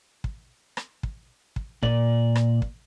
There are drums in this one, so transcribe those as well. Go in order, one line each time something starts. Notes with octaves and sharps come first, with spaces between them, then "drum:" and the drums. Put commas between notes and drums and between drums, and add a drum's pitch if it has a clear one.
drum: kick
drum: rim click
drum: kick
drum: kick
A#2 D5, drum: kick
drum: rim click
drum: kick